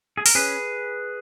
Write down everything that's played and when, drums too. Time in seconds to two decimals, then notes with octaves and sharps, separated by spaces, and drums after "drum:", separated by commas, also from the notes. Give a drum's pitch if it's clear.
0.17 G#4
0.26 A#4, drum: open hi-hat
0.35 C#4 G#4 B4